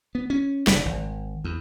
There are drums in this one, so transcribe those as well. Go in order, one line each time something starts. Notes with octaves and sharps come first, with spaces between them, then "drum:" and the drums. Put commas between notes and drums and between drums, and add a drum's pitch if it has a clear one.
B3
C#4
F1, drum: snare
G#1
E2